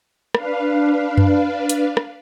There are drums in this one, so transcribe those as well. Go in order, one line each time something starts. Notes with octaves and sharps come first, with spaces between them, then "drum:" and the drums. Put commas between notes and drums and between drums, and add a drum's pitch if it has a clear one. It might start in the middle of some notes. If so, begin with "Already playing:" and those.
D4 B4 F5, drum: rim click
drum: tom F#2
drum: hi-hat
drum: rim click